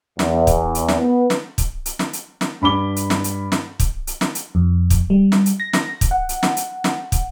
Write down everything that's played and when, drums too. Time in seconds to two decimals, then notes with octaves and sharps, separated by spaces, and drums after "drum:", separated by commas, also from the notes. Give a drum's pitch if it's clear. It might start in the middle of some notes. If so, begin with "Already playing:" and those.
0.19 E2, drum: snare
0.47 drum: kick, hi-hat
0.75 drum: hi-hat
0.89 drum: snare
0.99 B3
1.30 drum: snare
1.58 drum: kick, hi-hat
1.86 drum: hi-hat
1.99 drum: snare
2.13 drum: hi-hat
2.41 drum: snare
2.61 G2 B5 D6 G7
2.96 drum: hi-hat
3.10 drum: snare
3.24 drum: hi-hat
3.52 drum: snare
3.80 drum: kick, hi-hat
4.07 drum: hi-hat
4.21 drum: snare
4.35 drum: hi-hat
4.55 F2
4.90 drum: kick, hi-hat
5.10 G3
5.32 drum: snare
5.46 drum: hi-hat
5.60 A#6
5.73 drum: snare
6.01 drum: kick, hi-hat
6.11 F#5
6.29 drum: hi-hat
6.43 drum: snare
6.57 drum: hi-hat
6.84 drum: snare
7.12 drum: kick, hi-hat